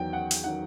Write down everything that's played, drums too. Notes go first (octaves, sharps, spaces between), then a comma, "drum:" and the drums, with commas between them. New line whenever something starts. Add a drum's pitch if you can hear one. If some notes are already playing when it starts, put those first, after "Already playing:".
Already playing: E2 D#3 F#3 G5
F#5
drum: open hi-hat
D#3 F#3 F#5